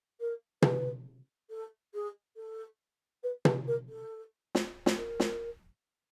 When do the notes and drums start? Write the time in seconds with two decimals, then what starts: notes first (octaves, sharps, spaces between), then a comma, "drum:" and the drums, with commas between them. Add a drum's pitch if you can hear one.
0.20 A#4
0.62 B4, drum: tom
1.50 A4
1.94 G#4
2.36 A4
3.23 B4
3.45 B4, drum: tom
3.67 A#4
3.88 A4
4.55 drum: snare
4.86 drum: snare
4.96 A#4
5.20 drum: snare